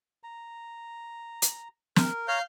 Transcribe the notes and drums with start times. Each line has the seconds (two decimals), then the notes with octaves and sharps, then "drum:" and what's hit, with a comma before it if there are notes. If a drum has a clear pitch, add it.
0.23 A#5
1.42 drum: hi-hat
1.96 A#4, drum: snare
2.28 C#5 F5 A#5 F6 G6